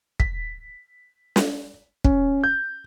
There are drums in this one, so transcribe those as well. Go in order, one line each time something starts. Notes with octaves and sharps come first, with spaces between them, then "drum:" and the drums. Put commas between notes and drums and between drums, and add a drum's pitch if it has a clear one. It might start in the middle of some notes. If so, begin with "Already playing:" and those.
B6, drum: kick
drum: snare
C#4, drum: kick
G6